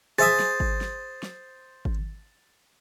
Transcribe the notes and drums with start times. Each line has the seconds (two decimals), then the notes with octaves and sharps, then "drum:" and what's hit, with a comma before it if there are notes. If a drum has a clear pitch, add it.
0.18 G#4 C5 E5 D#6 A6
0.39 drum: snare
0.60 drum: kick G#1
0.81 drum: snare
1.23 drum: snare
1.85 drum: kick G#1